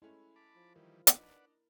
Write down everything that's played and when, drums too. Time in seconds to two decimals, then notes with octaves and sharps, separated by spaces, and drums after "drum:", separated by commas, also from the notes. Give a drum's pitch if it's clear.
0.02 G#3 A3 C#4 E4
0.36 A5 B5 D6
0.56 F3
0.75 D#3 E3 G3 A#4
1.07 D4 D#4 B4 D5 F#5, drum: hi-hat